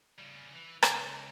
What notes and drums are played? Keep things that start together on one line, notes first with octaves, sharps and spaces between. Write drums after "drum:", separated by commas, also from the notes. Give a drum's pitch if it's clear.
C#3 G3
E3
C#2, drum: rim click